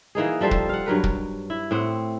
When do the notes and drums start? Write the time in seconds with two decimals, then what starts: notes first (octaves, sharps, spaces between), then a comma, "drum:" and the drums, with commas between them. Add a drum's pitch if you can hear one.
0.15 E3 A#3 D#4 G#4
0.41 F3 G3 A4 C5
0.51 drum: kick
0.69 F5 F#5
0.86 G2 F#3 A#4 B4
1.04 drum: kick
1.50 E4
1.71 A2 C4 F#5